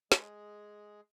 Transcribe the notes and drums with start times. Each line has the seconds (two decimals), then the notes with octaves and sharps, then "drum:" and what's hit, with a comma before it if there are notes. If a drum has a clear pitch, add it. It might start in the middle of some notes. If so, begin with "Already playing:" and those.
0.12 G#3 G#4, drum: snare